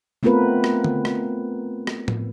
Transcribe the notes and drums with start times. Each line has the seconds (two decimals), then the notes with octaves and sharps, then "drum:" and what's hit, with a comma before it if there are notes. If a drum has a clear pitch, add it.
0.23 A3 B3 C4 F4 A#4 B4
0.64 drum: rim click
0.84 drum: tom D3
1.05 drum: rim click
1.87 drum: rim click
2.08 drum: tom A2